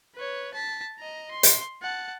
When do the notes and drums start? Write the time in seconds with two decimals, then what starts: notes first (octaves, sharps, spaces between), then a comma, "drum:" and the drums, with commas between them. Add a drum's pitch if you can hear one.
0.15 B4 C#5
0.54 A5 B6
0.99 D#5 A#5
1.31 C6
1.43 drum: hi-hat
1.82 F#5 A5